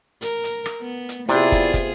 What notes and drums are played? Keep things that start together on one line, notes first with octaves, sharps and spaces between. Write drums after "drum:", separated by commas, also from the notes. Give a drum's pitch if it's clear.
A#4, drum: hi-hat
drum: hi-hat
drum: rim click
B3
drum: hi-hat
C3 B3 E4 F4 G#4 D5, drum: hi-hat
drum: kick, hi-hat
drum: kick, hi-hat